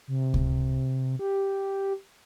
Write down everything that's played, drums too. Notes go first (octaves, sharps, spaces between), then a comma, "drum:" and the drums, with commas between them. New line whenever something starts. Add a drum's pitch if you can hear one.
C3
drum: kick C#2
G4